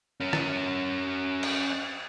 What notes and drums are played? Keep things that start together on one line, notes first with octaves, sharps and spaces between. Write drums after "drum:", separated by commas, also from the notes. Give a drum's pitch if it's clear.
C#4 A#4
drum: rim click
drum: cymbal